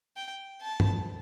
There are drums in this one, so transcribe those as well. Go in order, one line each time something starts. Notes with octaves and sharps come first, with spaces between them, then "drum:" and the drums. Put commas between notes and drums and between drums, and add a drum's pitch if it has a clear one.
G5
A5
drum: tom